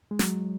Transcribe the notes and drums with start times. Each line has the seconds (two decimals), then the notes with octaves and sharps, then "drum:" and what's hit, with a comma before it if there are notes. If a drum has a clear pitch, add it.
0.11 G#3
0.19 F#3, drum: snare